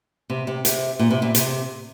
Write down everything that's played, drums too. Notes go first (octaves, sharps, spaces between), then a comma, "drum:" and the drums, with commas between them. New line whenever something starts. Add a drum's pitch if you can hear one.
C3
C3
C3, drum: hi-hat
A#2
C3
A#2
C3, drum: hi-hat